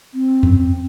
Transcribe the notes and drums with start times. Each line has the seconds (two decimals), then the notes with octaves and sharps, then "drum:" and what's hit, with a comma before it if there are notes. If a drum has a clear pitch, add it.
0.14 C4
0.43 drum: tom E2